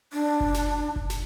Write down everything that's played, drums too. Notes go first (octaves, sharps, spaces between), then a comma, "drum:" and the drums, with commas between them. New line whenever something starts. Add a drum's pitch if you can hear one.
D4
drum: kick F#1
drum: snare
drum: kick F#1
drum: snare